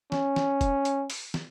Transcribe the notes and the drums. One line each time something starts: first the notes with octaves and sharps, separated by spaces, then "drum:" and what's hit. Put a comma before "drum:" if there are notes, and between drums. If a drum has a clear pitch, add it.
C#4, drum: snare
drum: snare
drum: kick, hi-hat
drum: hi-hat
drum: open hi-hat
drum: snare